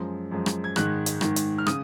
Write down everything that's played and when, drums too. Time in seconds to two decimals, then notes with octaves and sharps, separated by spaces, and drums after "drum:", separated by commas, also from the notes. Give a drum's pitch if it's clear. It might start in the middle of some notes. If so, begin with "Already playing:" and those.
Already playing: F#2 F3 G#3
0.31 F#2 F3 G#3
0.46 drum: rim click
0.64 G#6
0.76 G#2 D#3 G#3 F#6, drum: rim click
1.06 drum: hi-hat
1.21 G#2 D#3 G#3, drum: rim click
1.36 drum: hi-hat
1.58 F6
1.67 C#3 D#6, drum: rim click